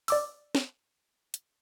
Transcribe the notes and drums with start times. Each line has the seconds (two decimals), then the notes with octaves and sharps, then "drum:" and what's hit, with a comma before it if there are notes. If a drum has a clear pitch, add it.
0.08 D5 D6 E6, drum: open hi-hat
0.55 drum: snare
1.34 drum: hi-hat